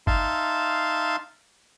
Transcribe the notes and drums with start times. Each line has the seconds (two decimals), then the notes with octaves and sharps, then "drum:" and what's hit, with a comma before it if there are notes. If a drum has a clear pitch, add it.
0.07 D#4 E5 F5 A5 C6, drum: kick G1